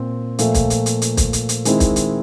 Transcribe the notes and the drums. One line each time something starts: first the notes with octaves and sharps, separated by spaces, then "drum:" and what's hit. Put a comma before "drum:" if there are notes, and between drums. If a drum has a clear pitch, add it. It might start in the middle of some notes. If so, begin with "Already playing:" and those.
Already playing: A#2 C4
A#2 F3 A3, drum: hi-hat
drum: kick, hi-hat
drum: hi-hat
drum: hi-hat
drum: hi-hat
drum: kick, hi-hat
drum: hi-hat
drum: hi-hat
D#3 G#3 C4 E4, drum: hi-hat
drum: kick, hi-hat
drum: hi-hat